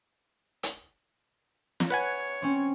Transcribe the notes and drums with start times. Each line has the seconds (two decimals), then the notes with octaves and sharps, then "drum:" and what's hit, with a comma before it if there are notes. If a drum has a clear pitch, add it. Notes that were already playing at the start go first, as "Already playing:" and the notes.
0.63 drum: hi-hat
1.80 drum: snare
1.90 B4 C#5 F#5 G#5
2.42 C4 C#4